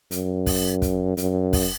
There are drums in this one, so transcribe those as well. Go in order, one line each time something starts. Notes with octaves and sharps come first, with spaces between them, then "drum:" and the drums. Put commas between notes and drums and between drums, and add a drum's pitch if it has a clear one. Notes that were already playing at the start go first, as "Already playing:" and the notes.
F#2, drum: hi-hat
drum: kick, open hi-hat
drum: kick, hi-hat
F#2, drum: hi-hat
drum: kick, open hi-hat